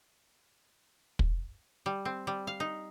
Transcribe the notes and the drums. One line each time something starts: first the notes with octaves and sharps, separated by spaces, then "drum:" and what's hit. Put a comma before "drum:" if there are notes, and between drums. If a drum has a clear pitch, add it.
drum: kick
G3
C4
G3
F5
D#4